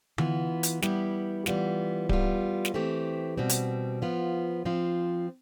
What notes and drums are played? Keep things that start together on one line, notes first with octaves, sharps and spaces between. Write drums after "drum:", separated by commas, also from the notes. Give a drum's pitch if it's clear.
E3 B3 F4, drum: tom D3
drum: hi-hat
G3 B3 E4 G4, drum: snare
E3 G3 B3 F4, drum: snare
G3 B3 F4, drum: kick D1
drum: snare
E3 A3 C4 G4
B2 G3 C4
drum: hi-hat
F3 B3 F4
F3 C4 F4